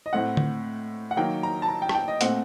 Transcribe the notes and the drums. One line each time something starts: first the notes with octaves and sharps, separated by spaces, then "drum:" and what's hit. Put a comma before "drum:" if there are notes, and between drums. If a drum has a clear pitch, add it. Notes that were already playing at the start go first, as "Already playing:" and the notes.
D#5
A2 A3 C4 F#5
drum: tom
F#5
D#3 F#3 A#3 G5
A#5
A5
A#5
G5
A5, drum: rim click
G5
D#5
A#2 A3 C4 F#5, drum: hi-hat